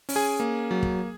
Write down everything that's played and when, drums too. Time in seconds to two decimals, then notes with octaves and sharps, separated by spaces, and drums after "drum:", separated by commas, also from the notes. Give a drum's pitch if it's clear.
0.09 C#4, drum: open hi-hat
0.16 G#4 G#5
0.40 A#3
0.71 F#3
0.83 drum: kick